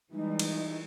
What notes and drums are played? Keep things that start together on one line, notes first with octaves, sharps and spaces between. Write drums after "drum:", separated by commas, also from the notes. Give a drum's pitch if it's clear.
E3 G3 G#3 D#4
drum: cymbal